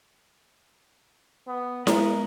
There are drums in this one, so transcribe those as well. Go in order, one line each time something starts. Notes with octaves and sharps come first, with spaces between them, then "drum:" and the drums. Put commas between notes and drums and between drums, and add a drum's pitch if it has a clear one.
B3
G#3 B3 A#4, drum: snare E4